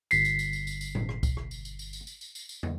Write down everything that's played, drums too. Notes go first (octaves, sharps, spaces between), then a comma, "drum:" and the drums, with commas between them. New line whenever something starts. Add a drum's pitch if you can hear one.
G1 B6 C7, drum: tambourine
drum: tambourine
drum: tambourine
drum: tambourine
drum: tambourine
drum: tambourine
drum: tom A2
drum: rim click
drum: kick C2, tambourine
drum: rim click
drum: tambourine
drum: tambourine
drum: tambourine
drum: tambourine
drum: tambourine
drum: tambourine
drum: tambourine
drum: tambourine
drum: tom